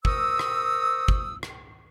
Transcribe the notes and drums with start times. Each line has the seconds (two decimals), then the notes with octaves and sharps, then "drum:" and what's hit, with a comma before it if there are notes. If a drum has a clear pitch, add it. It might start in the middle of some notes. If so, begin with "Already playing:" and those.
0.05 A#4 C5 C#6 D#6 E6, drum: kick
0.39 drum: rim click
1.08 drum: kick
1.43 drum: rim click